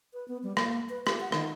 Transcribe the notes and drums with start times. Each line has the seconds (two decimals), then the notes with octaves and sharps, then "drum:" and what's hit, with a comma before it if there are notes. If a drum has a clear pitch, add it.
0.13 B4
0.28 B3
0.43 G3
0.57 A#3, drum: rim click
0.89 B4
1.07 G4, drum: rim click
1.20 F#5
1.32 D#3, drum: rim click